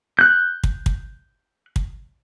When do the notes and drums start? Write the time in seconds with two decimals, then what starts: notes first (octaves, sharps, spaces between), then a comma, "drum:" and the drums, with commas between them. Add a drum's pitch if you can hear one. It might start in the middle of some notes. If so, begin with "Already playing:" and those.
0.19 F#6 G6
0.64 drum: kick
0.86 drum: kick
1.76 drum: kick